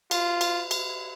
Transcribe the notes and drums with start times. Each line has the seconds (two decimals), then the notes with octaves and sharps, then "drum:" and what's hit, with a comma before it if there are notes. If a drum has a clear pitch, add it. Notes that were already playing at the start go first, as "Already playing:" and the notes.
0.11 F4, drum: cymbal
0.41 drum: cymbal
0.71 drum: cymbal